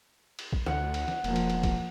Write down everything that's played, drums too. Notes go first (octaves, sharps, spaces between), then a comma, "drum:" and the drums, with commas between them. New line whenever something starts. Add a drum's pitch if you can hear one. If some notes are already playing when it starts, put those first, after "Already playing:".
drum: cymbal
drum: kick
D2 F#5, drum: snare
drum: cymbal
drum: snare
E1 F3 A#3, drum: cymbal
drum: cymbal
drum: cymbal
drum: kick, cymbal